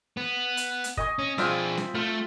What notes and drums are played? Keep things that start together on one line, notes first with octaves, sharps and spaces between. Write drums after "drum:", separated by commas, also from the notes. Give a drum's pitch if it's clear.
B3
drum: hi-hat
drum: hi-hat
D#5 G#5 C#6, drum: kick F#1
C#4
C4 D4 F4 G#4 E5, drum: snare
drum: snare
A3 F4